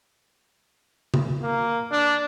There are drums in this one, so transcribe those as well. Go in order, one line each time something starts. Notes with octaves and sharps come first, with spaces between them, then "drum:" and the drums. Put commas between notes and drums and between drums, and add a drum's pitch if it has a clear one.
drum: tom C#3
A#3
D4